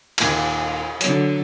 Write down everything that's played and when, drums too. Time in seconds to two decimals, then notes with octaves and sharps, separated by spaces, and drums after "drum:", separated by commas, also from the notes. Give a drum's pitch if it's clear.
0.18 D#2 A#2 G#6, drum: cymbal
1.01 D3 F#3 C#5, drum: hi-hat